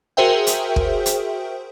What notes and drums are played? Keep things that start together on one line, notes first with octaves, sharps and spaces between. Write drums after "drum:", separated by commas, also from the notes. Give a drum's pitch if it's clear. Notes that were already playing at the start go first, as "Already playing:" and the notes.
F#4 G#4 A#4 C5 E5 G5
drum: hi-hat
drum: kick
drum: hi-hat